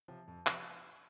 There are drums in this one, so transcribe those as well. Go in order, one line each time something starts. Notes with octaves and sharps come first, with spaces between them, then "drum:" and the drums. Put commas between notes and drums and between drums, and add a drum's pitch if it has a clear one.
C3 F3
F2
C3 F3, drum: clap